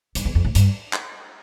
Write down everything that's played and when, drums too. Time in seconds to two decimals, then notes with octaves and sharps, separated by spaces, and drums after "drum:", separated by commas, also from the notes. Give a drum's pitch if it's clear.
0.15 G2, drum: hi-hat
0.25 E2
0.35 F2
0.45 A2
0.55 G2, drum: hi-hat
0.93 drum: clap